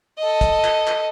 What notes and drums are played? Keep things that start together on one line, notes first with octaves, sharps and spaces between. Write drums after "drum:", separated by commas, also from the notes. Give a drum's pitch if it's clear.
A4 D#5
drum: kick, hi-hat
drum: clap
drum: clap